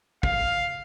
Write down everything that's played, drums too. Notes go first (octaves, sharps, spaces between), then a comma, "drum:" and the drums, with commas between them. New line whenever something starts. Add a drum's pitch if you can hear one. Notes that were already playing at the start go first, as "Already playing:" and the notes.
F5, drum: kick